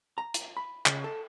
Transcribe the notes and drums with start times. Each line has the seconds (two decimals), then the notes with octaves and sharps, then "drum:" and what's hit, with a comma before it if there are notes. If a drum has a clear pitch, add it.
0.18 A#5
0.34 drum: hi-hat
0.57 B5
0.86 C#3, drum: clap
1.04 A4